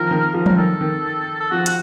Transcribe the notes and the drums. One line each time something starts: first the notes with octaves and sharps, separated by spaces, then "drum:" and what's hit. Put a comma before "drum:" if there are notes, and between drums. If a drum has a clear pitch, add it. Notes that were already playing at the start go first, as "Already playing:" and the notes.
Already playing: D#3 F3 A#4
D#3
F3
A#4, drum: tom F3
D#3 A4
D#3
A4
F3 F#4
F#4, drum: hi-hat